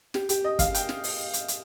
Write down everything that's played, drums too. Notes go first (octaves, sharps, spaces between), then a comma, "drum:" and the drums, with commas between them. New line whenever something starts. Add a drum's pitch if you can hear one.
G4, drum: snare
G4, drum: hi-hat
D#5
F5, drum: kick, hi-hat
G5, drum: hi-hat
drum: snare
drum: open hi-hat
drum: hi-hat
drum: hi-hat